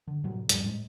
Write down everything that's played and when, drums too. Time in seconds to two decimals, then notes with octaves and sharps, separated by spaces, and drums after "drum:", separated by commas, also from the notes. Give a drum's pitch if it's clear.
0.08 D3
0.24 A2 C3 F#3
0.49 E2 G#2 G3 C#4, drum: hi-hat
0.63 A2 G#3